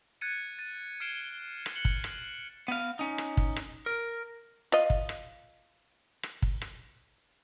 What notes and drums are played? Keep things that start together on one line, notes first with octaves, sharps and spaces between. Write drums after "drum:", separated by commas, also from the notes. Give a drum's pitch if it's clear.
F#6 G#6 A6 C#7 D#7
A6 D#7
F6 G#6 C7 D7 E7 G7
drum: rim click
F#6 C#7 F#7 G7
drum: kick
drum: rim click
B3 F5
C#4 D#4
drum: rim click
drum: kick
drum: rim click
A#4
F4 D#5, drum: rim click
drum: kick
drum: rim click
drum: rim click
drum: kick
drum: rim click